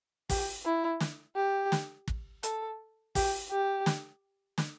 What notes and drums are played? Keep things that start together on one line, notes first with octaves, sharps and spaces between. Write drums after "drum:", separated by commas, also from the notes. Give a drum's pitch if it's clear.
G4, drum: kick, open hi-hat
E4
drum: snare
G4
drum: snare
drum: kick
A4, drum: hi-hat
G4, drum: kick, open hi-hat
G4
drum: snare
drum: snare